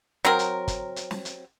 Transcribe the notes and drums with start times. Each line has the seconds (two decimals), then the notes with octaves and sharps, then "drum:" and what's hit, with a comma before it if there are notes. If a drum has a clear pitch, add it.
0.25 F#3 C4 A#4
0.39 drum: hi-hat
0.68 drum: kick G1, hi-hat
0.96 drum: hi-hat
1.11 drum: snare
1.25 drum: hi-hat